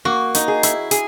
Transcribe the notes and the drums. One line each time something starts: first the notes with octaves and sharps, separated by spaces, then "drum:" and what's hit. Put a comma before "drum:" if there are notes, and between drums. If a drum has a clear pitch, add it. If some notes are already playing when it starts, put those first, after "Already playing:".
A#3 F#4
D#4, drum: hi-hat
G#4
E4, drum: hi-hat
G#4, drum: hi-hat